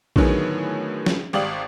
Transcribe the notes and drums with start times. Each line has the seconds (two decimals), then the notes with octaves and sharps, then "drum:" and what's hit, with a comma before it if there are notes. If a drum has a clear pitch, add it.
0.16 A2 D3 D#3 F#3 B3 G#4, drum: kick
1.06 drum: snare
1.33 G#1 G4 D5 F5 D#6 F#7